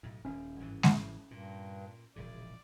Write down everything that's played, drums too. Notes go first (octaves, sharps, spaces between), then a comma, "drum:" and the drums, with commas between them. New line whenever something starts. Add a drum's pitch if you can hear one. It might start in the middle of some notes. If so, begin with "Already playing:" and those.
B1 A2
D#1 C#4
G#1 G2 E3
drum: snare G#3
G2 A#2
E1 A#1 C#3 D5